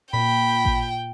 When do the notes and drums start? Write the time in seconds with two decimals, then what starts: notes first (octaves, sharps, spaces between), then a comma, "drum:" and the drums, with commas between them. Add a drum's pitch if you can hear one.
0.13 A#2 G5 B5
0.65 drum: kick A1